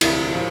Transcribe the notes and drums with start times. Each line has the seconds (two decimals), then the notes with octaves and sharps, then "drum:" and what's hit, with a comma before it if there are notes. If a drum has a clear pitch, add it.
0.01 E1 D2 C3 F3 E4, drum: cymbal
0.33 A2 F3